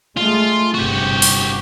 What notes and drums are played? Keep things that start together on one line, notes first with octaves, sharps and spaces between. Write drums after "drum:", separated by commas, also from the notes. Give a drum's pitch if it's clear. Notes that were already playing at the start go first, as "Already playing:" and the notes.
G#3 A3 F4
G1 C3 F#4 G4
drum: open hi-hat